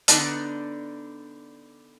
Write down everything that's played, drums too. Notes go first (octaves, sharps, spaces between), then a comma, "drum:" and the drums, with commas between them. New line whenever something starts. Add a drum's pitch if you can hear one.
D3 B3 D4 D#4 D5 A5, drum: hi-hat